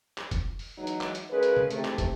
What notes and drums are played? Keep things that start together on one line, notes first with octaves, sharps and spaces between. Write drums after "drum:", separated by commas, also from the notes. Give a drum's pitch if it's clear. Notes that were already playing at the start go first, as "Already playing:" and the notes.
drum: clap
drum: kick, hi-hat
drum: open hi-hat
E3 F#3 G#3 D#4
drum: hi-hat
drum: clap
drum: hi-hat
C#3 G#3 A#4 B4
drum: hi-hat
drum: tom
G#2 C3 E3 A3, drum: hi-hat
drum: clap
drum: kick, hi-hat